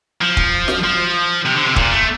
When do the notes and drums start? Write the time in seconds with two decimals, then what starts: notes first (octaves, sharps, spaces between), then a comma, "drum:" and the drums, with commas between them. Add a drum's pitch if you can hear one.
0.22 F3
0.37 drum: kick
0.68 drum: snare
0.84 F3
1.46 C3
1.55 D3
1.67 C3
1.76 A#2, drum: kick
1.91 A3